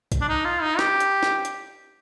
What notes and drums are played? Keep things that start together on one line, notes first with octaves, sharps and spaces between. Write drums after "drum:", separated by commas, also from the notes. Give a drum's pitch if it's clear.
drum: kick A#1, hi-hat
D4
D#4
F4
D#4
G4, drum: snare
drum: hi-hat
drum: snare
drum: hi-hat